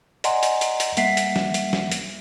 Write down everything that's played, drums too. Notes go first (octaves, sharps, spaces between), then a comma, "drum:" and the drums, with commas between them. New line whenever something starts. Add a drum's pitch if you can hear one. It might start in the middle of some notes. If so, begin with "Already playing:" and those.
D5 D#5 F#5 G#5 A#5 C6, drum: hi-hat
drum: hi-hat
drum: hi-hat
drum: hi-hat
G3 A#3 E5 F#5 B6 C7, drum: hi-hat
drum: hi-hat
drum: snare
drum: hi-hat
drum: snare
drum: hi-hat